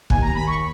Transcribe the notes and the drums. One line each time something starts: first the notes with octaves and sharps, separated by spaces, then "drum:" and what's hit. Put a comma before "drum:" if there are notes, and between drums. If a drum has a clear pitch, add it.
D#2 G#5, drum: kick
A#5
D#2 B5
C#6